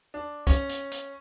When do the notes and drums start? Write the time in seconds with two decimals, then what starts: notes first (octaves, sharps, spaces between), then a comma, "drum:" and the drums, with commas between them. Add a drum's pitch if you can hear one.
0.14 D4
0.47 C#4, drum: kick, hi-hat
0.70 drum: hi-hat
0.92 drum: hi-hat